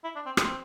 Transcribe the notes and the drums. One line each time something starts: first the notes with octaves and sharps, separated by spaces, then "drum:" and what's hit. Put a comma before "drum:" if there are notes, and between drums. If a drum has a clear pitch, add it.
E4
D4
C4
C4, drum: rim click